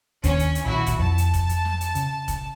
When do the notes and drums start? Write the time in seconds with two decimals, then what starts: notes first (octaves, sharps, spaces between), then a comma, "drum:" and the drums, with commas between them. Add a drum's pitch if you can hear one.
0.24 D#2 D#3 C#4 D4, drum: kick F1, hi-hat
0.39 drum: hi-hat
0.55 drum: hi-hat
0.65 B1 A#2 D#3 E4 F#4
0.86 drum: kick F1, hi-hat
0.99 F2 A5
1.18 drum: hi-hat
1.34 drum: kick F1, hi-hat
1.49 drum: hi-hat
1.65 drum: snare
1.81 drum: hi-hat
1.95 C#3, drum: hi-hat
2.28 drum: kick F1, hi-hat